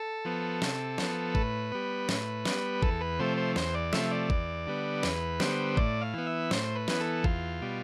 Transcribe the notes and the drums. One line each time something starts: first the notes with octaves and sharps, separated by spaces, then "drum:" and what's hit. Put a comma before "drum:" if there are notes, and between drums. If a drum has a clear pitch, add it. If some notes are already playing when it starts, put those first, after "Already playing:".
Already playing: A4
F3 B3
C3, drum: snare
F3 B3, drum: snare
A2 B4, drum: kick G#1
G3 B3
A2, drum: snare
G3 B3, drum: snare
E2 A4, drum: kick G#1
B4
C3 F3 A3 C5
C5
E2 C5, drum: snare
D5
C3 F3 A3 E5, drum: snare
D5
E2, drum: kick G#1
D3 G3 B3
E2 B4, drum: snare
D3 G3 B3 C5, drum: snare
A2 D5, drum: kick G#1
F5
E3 B3
E5
A2 C5, drum: snare
B4
E3 B3, drum: snare
A4
E2 F4, drum: kick G#1
B2 G3